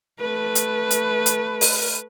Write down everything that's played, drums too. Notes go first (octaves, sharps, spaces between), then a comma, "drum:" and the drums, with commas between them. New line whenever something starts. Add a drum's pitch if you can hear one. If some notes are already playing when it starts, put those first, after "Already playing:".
A3 B4
drum: hi-hat
drum: hi-hat
drum: hi-hat
drum: open hi-hat